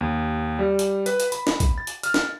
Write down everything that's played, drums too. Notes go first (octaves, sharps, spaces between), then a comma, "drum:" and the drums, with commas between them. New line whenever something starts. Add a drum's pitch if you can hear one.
D#2
G3
drum: hi-hat
B4, drum: hi-hat
drum: hi-hat
B5, drum: hi-hat
drum: snare
drum: kick, hi-hat
A6
drum: hi-hat
F6, drum: hi-hat
drum: snare